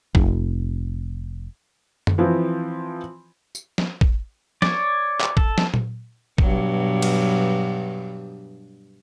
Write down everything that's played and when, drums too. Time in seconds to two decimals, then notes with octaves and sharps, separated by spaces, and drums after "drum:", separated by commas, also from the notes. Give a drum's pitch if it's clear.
0.15 F1, drum: kick A1
2.07 drum: tom F#2
2.18 E3 F3 C4
3.55 drum: tambourine
3.78 drum: snare
4.01 drum: kick A1
4.62 C#5 D5, drum: snare
5.21 drum: clap
5.37 A4, drum: kick A1
5.58 drum: snare
5.74 drum: tom A#2
6.38 G2 B2 F#3, drum: kick A1
7.02 drum: cymbal